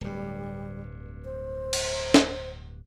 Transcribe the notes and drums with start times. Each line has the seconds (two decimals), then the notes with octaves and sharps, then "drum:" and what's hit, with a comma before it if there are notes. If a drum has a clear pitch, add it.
0.01 D1 G2 G3
1.25 C5
1.73 drum: cymbal
2.14 drum: snare